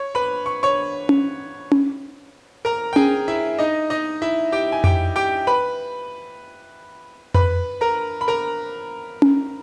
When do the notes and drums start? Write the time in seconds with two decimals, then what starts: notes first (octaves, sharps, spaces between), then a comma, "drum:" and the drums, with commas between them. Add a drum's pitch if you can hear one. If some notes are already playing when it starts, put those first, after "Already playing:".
Already playing: C#5 C#6
0.15 B4 B5
0.46 C#6
0.63 C#5 C#6
1.09 drum: tom C#4
1.72 drum: tom C#4
2.65 A#4 A#5
2.93 G5
2.96 G#4 G#5, drum: tom C#4
3.28 E4 E5
3.59 D#4 D#5
3.90 D#4 D#5
4.22 E4 E5
4.52 G4 G5
4.72 G#5
4.84 G4 G5, drum: tom F2
5.16 G4 G5
5.47 B4 B5
7.34 B4 B5, drum: tom F2
7.81 A#4 A#5
8.21 B5
8.28 A#4 A#5
9.22 drum: tom C#4